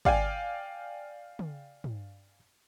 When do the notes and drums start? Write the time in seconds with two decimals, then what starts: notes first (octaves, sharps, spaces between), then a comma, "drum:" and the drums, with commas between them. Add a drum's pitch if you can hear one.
0.05 D5 F5 G5 G#5, drum: kick
1.39 drum: tom
1.84 drum: tom